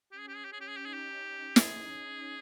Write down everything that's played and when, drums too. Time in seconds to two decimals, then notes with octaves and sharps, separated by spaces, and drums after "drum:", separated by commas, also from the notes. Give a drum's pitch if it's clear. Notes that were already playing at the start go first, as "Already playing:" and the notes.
0.12 C#4 G4
0.20 G#4
0.28 G4
0.36 G#4
0.45 G4
0.53 G#4
0.61 G4
0.69 G#4
0.77 G4
0.84 D#4 G#4
0.94 G4
1.56 G#4, drum: snare